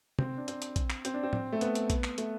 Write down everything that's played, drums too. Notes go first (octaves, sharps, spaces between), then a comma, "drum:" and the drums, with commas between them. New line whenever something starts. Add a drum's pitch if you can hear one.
C4, drum: tom
D4
C4, drum: hi-hat
drum: hi-hat
drum: kick A#1, hi-hat
drum: clap
C4, drum: hi-hat
D4
C4
drum: tom A2
A3
B3, drum: hi-hat
drum: hi-hat
drum: kick A#1, hi-hat
drum: clap
A3, drum: hi-hat